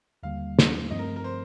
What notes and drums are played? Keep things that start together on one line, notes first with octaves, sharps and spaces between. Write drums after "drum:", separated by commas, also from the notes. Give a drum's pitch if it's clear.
D#2 D3 G3 A#3 F5
drum: snare
G2 F3 A3 C4 D#5
A#4
A#4
C5